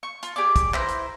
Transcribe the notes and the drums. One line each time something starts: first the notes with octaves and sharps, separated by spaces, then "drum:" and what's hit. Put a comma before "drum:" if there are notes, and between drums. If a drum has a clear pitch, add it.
C#6
F4, drum: hi-hat
G4 G#4 D5 D6
drum: kick, hi-hat
E4 B4 C5 A#5, drum: clap
drum: hi-hat